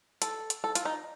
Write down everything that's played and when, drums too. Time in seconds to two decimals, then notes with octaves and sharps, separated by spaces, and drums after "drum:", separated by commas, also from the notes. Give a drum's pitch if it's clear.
0.22 A4, drum: hi-hat
0.50 drum: hi-hat
0.64 A4
0.75 F4, drum: hi-hat
0.85 D#4